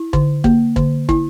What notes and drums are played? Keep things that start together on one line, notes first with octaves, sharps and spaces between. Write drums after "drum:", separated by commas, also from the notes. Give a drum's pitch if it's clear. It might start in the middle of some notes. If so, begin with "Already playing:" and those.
Already playing: E4
D3, drum: kick
A#3, drum: kick
D3, drum: kick
E4, drum: kick